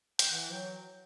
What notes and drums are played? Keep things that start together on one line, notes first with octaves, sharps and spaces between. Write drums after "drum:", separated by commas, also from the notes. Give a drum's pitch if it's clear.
G5, drum: hi-hat
E3 F#5
F#3 G5